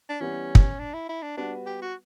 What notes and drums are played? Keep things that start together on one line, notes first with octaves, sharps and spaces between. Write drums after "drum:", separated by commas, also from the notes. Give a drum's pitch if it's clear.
D4
E3 G3 B3 C#4
drum: kick
D4
E4
E4
D4
G3 B3 D4 F#4 B4
G4
F#4